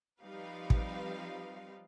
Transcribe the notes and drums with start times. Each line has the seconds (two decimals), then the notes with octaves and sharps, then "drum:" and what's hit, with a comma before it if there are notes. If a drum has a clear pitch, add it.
0.22 F3 G3 C4 D#4 B4 F5
0.70 drum: kick